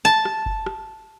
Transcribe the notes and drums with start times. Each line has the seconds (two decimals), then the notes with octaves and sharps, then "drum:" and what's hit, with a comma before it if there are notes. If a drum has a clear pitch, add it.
0.05 A5
0.25 drum: rim click
0.46 drum: kick F#1
0.66 drum: rim click